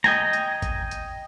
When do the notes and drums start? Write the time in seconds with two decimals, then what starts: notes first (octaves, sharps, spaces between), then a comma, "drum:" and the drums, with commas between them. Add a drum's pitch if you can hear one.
0.04 D#5 G5 G#5 A#5, drum: snare
0.33 drum: hi-hat
0.62 drum: kick G#1, hi-hat
0.91 drum: hi-hat